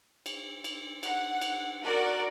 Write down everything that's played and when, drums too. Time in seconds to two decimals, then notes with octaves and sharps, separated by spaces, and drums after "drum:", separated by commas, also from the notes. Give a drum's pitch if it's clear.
0.26 drum: cymbal
0.64 drum: cymbal
1.03 F#5, drum: cymbal
1.41 drum: cymbal
1.84 F#4 A#4 D5 F#5